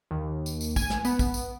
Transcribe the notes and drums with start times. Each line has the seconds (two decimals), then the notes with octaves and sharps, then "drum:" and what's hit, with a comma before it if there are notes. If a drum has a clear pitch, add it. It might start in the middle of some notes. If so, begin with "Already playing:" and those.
0.11 D#2
0.46 drum: tambourine
0.61 drum: tambourine
0.76 G#5, drum: kick, tambourine
0.90 drum: snare
1.05 B3, drum: tambourine
1.19 drum: kick, tambourine
1.34 drum: tambourine